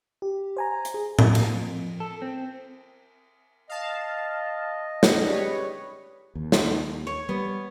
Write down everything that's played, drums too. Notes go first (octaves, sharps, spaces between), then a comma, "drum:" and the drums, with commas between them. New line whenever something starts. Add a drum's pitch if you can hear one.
G4
C5 G#5 A#5
drum: hi-hat
G#4
drum: tom A2
A#3, drum: cymbal
F2
A4
C4
D#5 F5 A5
drum: snare
C#3 G3 D4 B4 C#5
D#2
drum: snare
C#5
G3 B3